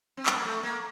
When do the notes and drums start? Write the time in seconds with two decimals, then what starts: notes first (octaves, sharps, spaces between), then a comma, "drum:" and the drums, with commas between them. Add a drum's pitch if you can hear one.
0.17 C4
0.26 B3, drum: clap
0.35 A#3
0.45 A3
0.63 A#3